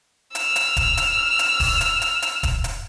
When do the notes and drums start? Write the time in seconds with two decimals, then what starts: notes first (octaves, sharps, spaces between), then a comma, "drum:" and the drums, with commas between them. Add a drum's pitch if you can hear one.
0.35 E6 F6, drum: hi-hat
0.56 drum: hi-hat
0.77 drum: kick, hi-hat
0.97 drum: hi-hat
1.39 drum: hi-hat
1.60 drum: kick, open hi-hat
1.81 drum: hi-hat
2.02 drum: hi-hat
2.22 drum: hi-hat
2.43 drum: kick, hi-hat
2.64 drum: hi-hat